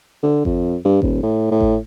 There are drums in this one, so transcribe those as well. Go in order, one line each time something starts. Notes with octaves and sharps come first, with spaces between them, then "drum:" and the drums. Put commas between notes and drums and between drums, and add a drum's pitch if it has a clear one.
D3
F2, drum: kick G#1
G2
D#1, drum: kick G#1
A2
A2
drum: kick G#1